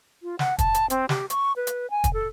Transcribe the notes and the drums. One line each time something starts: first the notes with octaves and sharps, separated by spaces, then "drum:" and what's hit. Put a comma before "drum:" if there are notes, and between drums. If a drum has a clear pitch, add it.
F4
F#5, drum: snare
A5, drum: kick, hi-hat
drum: hi-hat
C4, drum: hi-hat
G4, drum: snare
C#6, drum: hi-hat
B4
drum: hi-hat
G#5
drum: kick, hi-hat
A4